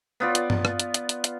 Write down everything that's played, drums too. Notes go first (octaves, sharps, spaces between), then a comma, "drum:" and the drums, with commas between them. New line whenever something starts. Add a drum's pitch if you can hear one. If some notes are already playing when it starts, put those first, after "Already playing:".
B3 F4 D5
drum: hi-hat
drum: tom G2
drum: rim click
drum: hi-hat
drum: hi-hat
drum: hi-hat
drum: hi-hat